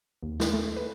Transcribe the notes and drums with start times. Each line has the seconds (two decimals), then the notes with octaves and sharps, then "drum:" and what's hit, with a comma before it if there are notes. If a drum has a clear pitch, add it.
0.23 D#2
0.40 drum: snare
0.53 A3
0.76 B4